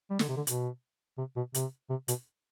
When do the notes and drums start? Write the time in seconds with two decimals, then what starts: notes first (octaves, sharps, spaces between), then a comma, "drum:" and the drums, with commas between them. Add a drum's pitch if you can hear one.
0.10 G3
0.19 D3, drum: snare
0.29 C3
0.37 D3
0.47 B2, drum: hi-hat
1.18 C3
1.36 B2
1.54 C3, drum: hi-hat
1.90 C3
2.08 B2, drum: hi-hat